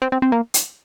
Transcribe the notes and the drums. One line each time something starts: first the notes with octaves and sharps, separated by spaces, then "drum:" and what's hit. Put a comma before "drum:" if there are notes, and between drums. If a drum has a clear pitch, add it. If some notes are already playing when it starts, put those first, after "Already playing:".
C4
C4
C4
A#3
drum: hi-hat